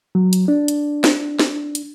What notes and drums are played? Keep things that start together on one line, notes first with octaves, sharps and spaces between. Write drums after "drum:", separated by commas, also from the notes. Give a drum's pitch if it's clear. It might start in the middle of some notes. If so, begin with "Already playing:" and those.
F#3
drum: hi-hat
D4
drum: hi-hat
drum: snare
drum: snare
drum: hi-hat